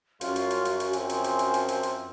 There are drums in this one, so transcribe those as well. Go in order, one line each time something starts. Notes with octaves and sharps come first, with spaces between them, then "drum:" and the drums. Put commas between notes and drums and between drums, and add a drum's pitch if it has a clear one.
F#2 G3 F4 F#4, drum: hi-hat
drum: hi-hat
drum: hi-hat
drum: hi-hat
drum: hi-hat
F3 C4 G#5, drum: hi-hat
drum: hi-hat
drum: hi-hat
drum: hi-hat
drum: hi-hat
drum: hi-hat
drum: hi-hat